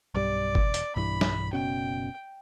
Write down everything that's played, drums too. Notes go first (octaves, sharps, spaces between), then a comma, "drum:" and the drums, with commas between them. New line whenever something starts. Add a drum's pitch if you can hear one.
B1 G2 G3 D5
E1, drum: kick G1
drum: hi-hat
B1 G2 E3 B5
drum: snare
F#1 B2 C#4 G5